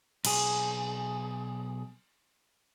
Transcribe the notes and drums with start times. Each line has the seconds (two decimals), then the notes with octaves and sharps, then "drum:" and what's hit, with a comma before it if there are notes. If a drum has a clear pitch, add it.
0.25 B1 G#4, drum: cymbal